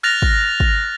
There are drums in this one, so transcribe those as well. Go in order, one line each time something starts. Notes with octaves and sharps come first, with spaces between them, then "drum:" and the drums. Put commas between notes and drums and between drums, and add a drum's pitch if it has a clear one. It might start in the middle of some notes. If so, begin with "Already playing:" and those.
F6 F#6 A6 A#6 F7
drum: kick
drum: kick